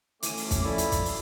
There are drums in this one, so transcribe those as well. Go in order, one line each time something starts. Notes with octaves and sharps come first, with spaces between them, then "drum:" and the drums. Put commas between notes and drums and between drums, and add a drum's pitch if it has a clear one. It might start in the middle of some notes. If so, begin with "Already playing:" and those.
E3 A3 C#4 D6 D#7, drum: hi-hat
drum: open hi-hat
drum: kick, hi-hat
F3 E4 A4 D5
drum: hi-hat
drum: kick, hi-hat
drum: open hi-hat